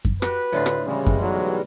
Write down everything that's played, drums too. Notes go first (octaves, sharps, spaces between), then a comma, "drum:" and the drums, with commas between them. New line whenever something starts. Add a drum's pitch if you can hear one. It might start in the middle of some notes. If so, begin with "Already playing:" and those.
drum: kick F#2
F#4 G4 B4, drum: rim click
D2 A2 D3 F4
drum: rim click
C#3 E3 G3 G#3
drum: kick F#2
B1 F#3